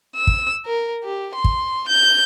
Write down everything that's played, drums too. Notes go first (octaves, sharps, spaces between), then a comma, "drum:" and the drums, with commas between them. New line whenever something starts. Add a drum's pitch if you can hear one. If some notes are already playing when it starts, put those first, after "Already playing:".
E6
drum: kick
A#4
G4
C6
drum: kick
G6